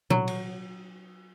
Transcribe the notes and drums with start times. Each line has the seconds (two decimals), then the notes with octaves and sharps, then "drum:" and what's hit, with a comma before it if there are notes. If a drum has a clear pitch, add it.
0.10 F#3, drum: tom A#2
0.28 drum: cymbal